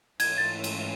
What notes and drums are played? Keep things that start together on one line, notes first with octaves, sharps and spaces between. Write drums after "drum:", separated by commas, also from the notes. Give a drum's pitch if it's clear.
G#2 E3 A3 C#4 F4 G#6, drum: cymbal
A6
drum: cymbal